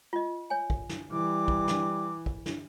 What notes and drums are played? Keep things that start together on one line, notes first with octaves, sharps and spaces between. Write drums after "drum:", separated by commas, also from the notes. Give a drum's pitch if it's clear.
F4 D#5
C#5 G#5
drum: kick
drum: snare
E3 G3 D6
drum: kick
drum: snare
drum: kick
drum: snare